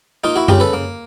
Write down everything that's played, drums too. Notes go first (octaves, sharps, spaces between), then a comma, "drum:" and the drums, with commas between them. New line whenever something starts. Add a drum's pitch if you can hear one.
A#3 D#4 F4
E4 F#4
C#3 F4 G4, drum: tom F#2
A4 B4
A#3